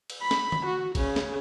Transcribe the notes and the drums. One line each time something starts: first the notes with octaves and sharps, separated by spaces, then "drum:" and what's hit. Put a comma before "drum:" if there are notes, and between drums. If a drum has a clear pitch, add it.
drum: cymbal
B5
drum: snare
drum: tom D3
F#4
C#3, drum: kick, cymbal
drum: snare